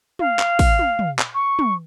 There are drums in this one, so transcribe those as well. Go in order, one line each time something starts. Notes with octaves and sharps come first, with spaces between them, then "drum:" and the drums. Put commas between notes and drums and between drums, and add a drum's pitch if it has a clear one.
F5, drum: tom
drum: clap
drum: kick, open hi-hat
drum: tom
drum: tom
drum: clap
C#6
drum: tom